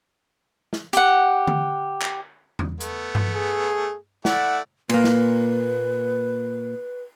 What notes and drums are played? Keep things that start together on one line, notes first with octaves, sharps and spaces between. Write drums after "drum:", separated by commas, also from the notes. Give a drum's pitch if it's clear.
drum: snare
G4 F#5, drum: hi-hat
drum: tom D3
drum: clap
drum: tom E2
A3 B3, drum: hi-hat
drum: tom G2
G#4
A3 E4 D5 F#5, drum: snare
A#2 A#3 B4, drum: cymbal
drum: snare